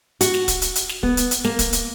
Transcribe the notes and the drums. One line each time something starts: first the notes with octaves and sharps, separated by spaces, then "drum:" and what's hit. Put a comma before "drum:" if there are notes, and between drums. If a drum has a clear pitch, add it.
F#4, drum: hi-hat
drum: snare
drum: kick, hi-hat
drum: hi-hat
drum: hi-hat
drum: snare
B3, drum: kick
drum: hi-hat
drum: hi-hat
A#3, drum: snare
drum: kick, hi-hat
drum: hi-hat